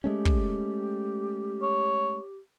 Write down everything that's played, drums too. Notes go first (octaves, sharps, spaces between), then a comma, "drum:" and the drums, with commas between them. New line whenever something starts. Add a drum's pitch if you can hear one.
G#3 A3 C#4 G4
drum: kick
C#5